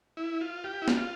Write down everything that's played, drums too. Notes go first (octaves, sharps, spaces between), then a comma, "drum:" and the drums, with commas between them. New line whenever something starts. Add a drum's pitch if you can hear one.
E4
F4
G4
E4
F4, drum: snare